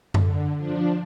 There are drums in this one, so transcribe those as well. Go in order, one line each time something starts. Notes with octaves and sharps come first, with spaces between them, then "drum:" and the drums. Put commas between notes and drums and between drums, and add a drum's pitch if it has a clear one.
D3, drum: tom F#2
F3 D4